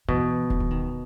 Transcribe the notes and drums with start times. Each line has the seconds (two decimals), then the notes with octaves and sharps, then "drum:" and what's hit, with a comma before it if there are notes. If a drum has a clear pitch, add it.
0.08 B2 E3
0.50 D#3, drum: kick D#1
0.60 E3
0.71 D#3